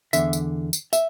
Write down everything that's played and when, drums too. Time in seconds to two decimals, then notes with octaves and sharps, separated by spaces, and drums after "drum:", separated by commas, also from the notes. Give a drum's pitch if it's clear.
0.13 E2 D3 E5, drum: tambourine
0.33 drum: tambourine
0.73 drum: tambourine
0.93 E5, drum: tambourine